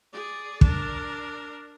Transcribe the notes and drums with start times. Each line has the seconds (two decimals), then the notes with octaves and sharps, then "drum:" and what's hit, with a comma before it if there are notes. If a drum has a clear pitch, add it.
0.12 G#4 D5
0.61 D4 A#4, drum: kick